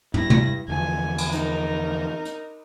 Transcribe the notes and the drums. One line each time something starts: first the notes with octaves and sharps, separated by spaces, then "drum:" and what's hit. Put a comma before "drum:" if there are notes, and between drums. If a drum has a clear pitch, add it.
G2 E4 A#6, drum: tom
drum: tom
E2 D3 F3 G#5
drum: cymbal
D#4 A#4, drum: hi-hat
drum: hi-hat